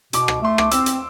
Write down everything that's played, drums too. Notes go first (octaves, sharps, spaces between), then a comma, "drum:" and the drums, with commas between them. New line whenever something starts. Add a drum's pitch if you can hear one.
B2 D6, drum: hi-hat
drum: rim click
A3 C6
D6, drum: rim click
C4 E6, drum: hi-hat
drum: hi-hat